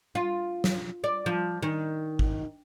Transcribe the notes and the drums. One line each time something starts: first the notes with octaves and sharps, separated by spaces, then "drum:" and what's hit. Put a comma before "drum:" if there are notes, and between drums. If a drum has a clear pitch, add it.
F4
drum: snare
D5
F3
D#3
drum: kick